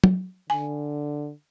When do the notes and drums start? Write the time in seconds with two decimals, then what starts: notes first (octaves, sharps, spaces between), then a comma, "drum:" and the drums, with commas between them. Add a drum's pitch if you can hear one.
0.04 drum: tom
0.50 D3 G#5